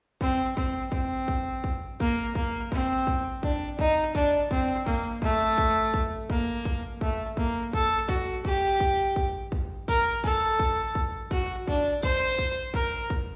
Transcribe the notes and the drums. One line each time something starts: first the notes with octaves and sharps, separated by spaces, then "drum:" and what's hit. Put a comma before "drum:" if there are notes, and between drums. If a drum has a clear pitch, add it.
C4, drum: kick
C4, drum: kick
C4, drum: kick
drum: kick
drum: kick
A#3, drum: kick
A#3, drum: kick
C4, drum: kick
drum: kick
D4, drum: kick
D#4, drum: kick
D4, drum: kick
C4, drum: kick
A#3, drum: kick
A3, drum: kick
drum: kick
drum: kick
A#3, drum: kick
drum: kick
A3, drum: kick
A#3, drum: kick
A4, drum: kick
F#4, drum: kick
G4, drum: kick
drum: kick
drum: kick
drum: kick
A#4, drum: kick
A4, drum: kick
drum: kick
drum: kick
F#4, drum: kick
D4, drum: kick
C5, drum: kick
drum: kick
A#4, drum: kick
drum: kick